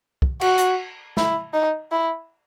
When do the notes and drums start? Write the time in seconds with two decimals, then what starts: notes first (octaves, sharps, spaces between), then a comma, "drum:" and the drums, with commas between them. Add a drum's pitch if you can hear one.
0.22 drum: kick
0.41 F#4, drum: cymbal
0.58 drum: hi-hat
1.17 E4, drum: snare
1.53 D#4
1.91 E4